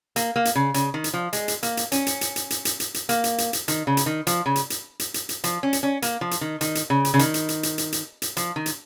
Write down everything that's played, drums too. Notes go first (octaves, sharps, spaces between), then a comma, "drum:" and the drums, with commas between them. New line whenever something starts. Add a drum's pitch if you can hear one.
A#3, drum: hi-hat
A#3
drum: hi-hat
C#3
C#3, drum: hi-hat
D#3
drum: hi-hat
F3
G#3, drum: hi-hat
drum: hi-hat
A#3, drum: hi-hat
drum: hi-hat
C#4, drum: hi-hat
drum: hi-hat
drum: hi-hat
drum: hi-hat
drum: hi-hat
drum: hi-hat
drum: hi-hat
drum: hi-hat
A#3, drum: hi-hat
drum: hi-hat
drum: hi-hat
drum: hi-hat
D#3, drum: hi-hat
C#3
drum: hi-hat
D#3
F3, drum: hi-hat
C#3
drum: hi-hat
drum: hi-hat
drum: hi-hat
drum: hi-hat
drum: hi-hat
F3, drum: hi-hat
C#4
drum: hi-hat
C#4
A#3, drum: hi-hat
F3
drum: hi-hat
D#3
D#3, drum: hi-hat
drum: hi-hat
C#3
drum: hi-hat
C#3
D#3, drum: hi-hat
drum: hi-hat
drum: hi-hat
drum: hi-hat
drum: hi-hat
drum: hi-hat
drum: hi-hat
F3, drum: hi-hat
D#3
drum: hi-hat